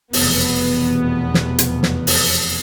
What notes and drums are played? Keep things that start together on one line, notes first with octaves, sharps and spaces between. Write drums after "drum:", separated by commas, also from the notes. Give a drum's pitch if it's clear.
F1 E2 B2 B3, drum: open hi-hat
drum: snare
drum: hi-hat
drum: snare
drum: open hi-hat